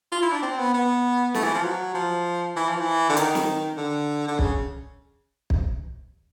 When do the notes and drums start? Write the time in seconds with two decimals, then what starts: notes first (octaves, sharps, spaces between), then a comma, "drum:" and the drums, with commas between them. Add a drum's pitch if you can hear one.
0.12 F4
0.22 E4
0.32 D4
0.42 C4
0.59 B3
0.74 B3
1.34 A3, drum: snare
1.44 E3
1.54 F3
1.64 F#3
1.94 F3
2.56 E3
2.68 F3
2.80 E3
3.09 D3
3.17 D#3, drum: hi-hat
3.35 drum: snare
3.77 D3
4.28 D3
4.39 C#3, drum: kick
5.50 drum: kick